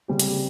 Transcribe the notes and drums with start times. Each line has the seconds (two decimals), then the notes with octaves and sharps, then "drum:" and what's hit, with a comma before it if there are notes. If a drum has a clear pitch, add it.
0.08 C#3 G3 C4 G4
0.20 drum: hi-hat